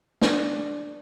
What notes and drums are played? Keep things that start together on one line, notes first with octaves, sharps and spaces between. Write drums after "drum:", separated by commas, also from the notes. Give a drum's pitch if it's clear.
D4, drum: snare